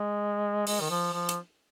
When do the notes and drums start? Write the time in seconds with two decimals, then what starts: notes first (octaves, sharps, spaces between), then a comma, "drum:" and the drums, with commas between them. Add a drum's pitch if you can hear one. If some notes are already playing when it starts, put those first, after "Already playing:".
Already playing: G#3
0.67 G#3, drum: open hi-hat
0.81 D#3
0.90 F3
1.13 F3
1.29 drum: hi-hat